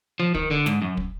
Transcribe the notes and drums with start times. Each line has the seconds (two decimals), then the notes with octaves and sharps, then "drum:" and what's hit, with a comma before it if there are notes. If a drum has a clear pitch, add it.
0.20 F3
0.35 D#3, drum: kick
0.51 D3
0.66 G#2, drum: snare
0.82 F#2
0.97 drum: kick